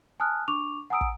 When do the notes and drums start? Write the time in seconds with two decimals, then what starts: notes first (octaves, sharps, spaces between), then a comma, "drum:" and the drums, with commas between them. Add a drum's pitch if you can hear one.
0.20 G#5 A5 D#6 F6 F#6
0.48 D4 C#6 D6 F7
0.90 F#5 G#5 A#5 D#6 E6 D7
1.01 drum: kick